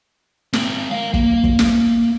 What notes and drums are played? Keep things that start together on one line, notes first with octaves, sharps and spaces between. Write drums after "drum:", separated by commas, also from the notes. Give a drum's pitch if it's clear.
G#3 C4, drum: snare
A#4 F5
A#3, drum: kick
drum: kick
drum: snare